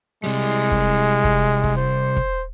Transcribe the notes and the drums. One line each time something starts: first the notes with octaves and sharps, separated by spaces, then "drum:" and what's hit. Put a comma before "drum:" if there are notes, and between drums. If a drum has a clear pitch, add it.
C3 G3 G#3
drum: kick
drum: kick
drum: kick
C5
drum: kick